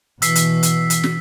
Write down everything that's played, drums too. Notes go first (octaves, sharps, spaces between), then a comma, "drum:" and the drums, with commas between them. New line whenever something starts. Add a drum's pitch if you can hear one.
B2 E3 E6 B6 C7, drum: hi-hat
drum: hi-hat
drum: hi-hat
drum: hi-hat
drum: snare